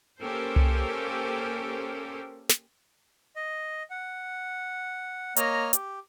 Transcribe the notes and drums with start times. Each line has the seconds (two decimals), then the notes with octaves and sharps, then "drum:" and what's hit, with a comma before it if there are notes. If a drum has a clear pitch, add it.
0.21 A#3 C#4 G4 A4 A#4 C5
0.56 drum: tom C2
2.49 drum: snare
3.36 D#5
3.90 F#5
5.36 A#3 C#5 D#5 A#5 F6, drum: hi-hat
5.73 G4, drum: hi-hat